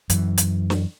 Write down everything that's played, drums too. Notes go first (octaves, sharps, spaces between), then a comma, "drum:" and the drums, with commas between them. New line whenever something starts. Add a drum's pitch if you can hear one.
F#2 E3, drum: hi-hat
drum: hi-hat
drum: snare